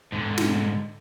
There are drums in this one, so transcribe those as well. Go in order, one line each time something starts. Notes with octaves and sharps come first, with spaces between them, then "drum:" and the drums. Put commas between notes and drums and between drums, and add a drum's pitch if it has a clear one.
G#2 D3
drum: snare